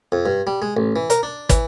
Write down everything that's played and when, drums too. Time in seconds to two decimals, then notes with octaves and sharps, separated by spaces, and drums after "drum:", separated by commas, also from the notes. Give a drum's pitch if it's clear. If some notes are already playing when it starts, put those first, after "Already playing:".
0.12 F2
0.26 G2
0.47 G3
0.62 G#3
0.77 A1
0.96 E3
1.10 A#4, drum: hi-hat
1.23 D4
1.49 E3, drum: kick, hi-hat